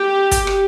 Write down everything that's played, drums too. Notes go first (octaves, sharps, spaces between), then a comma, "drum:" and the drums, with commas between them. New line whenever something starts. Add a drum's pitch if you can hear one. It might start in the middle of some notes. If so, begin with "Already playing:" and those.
Already playing: G4
drum: kick, hi-hat
drum: rim click